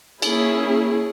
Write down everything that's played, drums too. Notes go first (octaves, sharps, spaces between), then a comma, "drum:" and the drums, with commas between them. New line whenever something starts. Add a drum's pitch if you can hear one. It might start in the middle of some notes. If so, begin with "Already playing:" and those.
A#3 C#4 E4 G#4, drum: cymbal